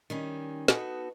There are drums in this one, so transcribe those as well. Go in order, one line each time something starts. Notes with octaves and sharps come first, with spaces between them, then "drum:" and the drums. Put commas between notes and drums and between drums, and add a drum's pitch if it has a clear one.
D#3 G3 C#4
B3 D#4 F#4 A4, drum: snare